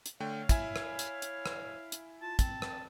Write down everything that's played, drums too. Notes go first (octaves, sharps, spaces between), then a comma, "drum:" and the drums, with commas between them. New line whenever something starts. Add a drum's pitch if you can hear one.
drum: hi-hat
D3 A3 C#5 F5 G5
E4 E5 G#5, drum: kick, hi-hat
drum: rim click
drum: hi-hat
drum: hi-hat
drum: rim click
drum: hi-hat
F4 A5
C4 A5, drum: kick, hi-hat
drum: rim click